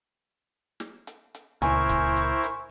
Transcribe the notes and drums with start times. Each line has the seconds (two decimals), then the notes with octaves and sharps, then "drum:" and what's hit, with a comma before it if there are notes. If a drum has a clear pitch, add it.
0.80 drum: snare
1.07 drum: hi-hat
1.35 drum: hi-hat
1.62 C#2 A#2 E4 A#4 C5 G#5 C#6, drum: hi-hat
1.89 drum: kick C#1, hi-hat
2.16 drum: hi-hat
2.44 drum: hi-hat